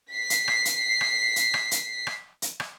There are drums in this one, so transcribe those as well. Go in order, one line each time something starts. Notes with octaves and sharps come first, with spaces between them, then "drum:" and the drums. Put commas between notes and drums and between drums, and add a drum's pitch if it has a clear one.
B6 C7
drum: hi-hat
drum: rim click
drum: hi-hat
drum: rim click
drum: hi-hat
drum: rim click
drum: hi-hat
drum: rim click
drum: hi-hat
drum: rim click